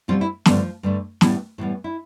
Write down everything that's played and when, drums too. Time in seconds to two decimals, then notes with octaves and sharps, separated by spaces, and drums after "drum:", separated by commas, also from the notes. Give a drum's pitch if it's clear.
0.08 B2 F3 G3 C4 F4
0.21 E4
0.46 G2 D3 F3 A3 F4, drum: snare
0.83 G2 D3 A3
1.21 A2 E3 G3 B3 E4, drum: snare
1.58 A2 E3 G3 B3 D4
1.84 E4